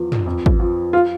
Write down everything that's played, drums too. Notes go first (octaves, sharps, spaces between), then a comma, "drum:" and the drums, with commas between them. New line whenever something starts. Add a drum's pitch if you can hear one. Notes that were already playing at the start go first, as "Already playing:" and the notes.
Already playing: E2 F3
drum: tom
F2
drum: kick
F3
F4